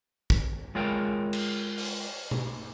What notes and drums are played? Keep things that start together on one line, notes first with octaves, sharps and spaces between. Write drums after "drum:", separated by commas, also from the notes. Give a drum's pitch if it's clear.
drum: kick
G#3 F4 G#4 A#4 C#5 G5
drum: cymbal
drum: open hi-hat
drum: tom B2